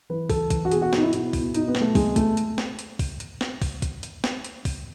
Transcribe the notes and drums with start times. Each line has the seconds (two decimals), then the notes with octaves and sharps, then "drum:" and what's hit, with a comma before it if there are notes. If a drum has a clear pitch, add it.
0.10 E3 B4
0.30 E3 A4, drum: kick, open hi-hat
0.50 E3, drum: kick, hi-hat
0.65 F#4
0.71 B2 G#4, drum: hi-hat
0.82 F#4
0.93 B2 D#4, drum: snare
1.02 E4
1.13 B2 E4, drum: hi-hat
1.33 B2, drum: kick, open hi-hat
1.55 B2 D#4, drum: hi-hat
1.68 B3
1.75 B2, drum: snare
1.81 A3
1.95 B2 G#3, drum: kick, open hi-hat
2.16 B2 A3, drum: kick, hi-hat
2.37 drum: hi-hat
2.58 drum: snare
2.79 drum: hi-hat
2.99 drum: kick, open hi-hat
3.20 drum: hi-hat
3.41 drum: snare
3.62 drum: kick, open hi-hat
3.82 drum: kick, hi-hat
4.03 drum: hi-hat
4.24 drum: snare
4.44 drum: hi-hat
4.65 drum: kick, open hi-hat